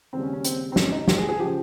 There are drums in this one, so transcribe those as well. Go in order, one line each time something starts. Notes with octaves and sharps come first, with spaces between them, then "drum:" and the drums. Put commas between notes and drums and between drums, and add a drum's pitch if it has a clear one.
D#2 C#3 G3 C4
C#4
C#4
C4, drum: hi-hat
C4
C#4, drum: snare
D#4
G4, drum: snare
G#4
G#4
C#3 F3 G4